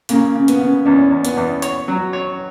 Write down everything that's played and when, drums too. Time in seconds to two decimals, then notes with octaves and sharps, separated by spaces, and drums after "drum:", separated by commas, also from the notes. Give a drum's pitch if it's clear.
0.09 C#3 A#3, drum: hi-hat
0.35 C#3
0.48 B3, drum: hi-hat
0.61 C#3
0.85 E2 C#4
1.11 E2
1.25 B3, drum: hi-hat
1.37 E2
1.62 C#5, drum: hi-hat
1.88 F#3
2.13 C#5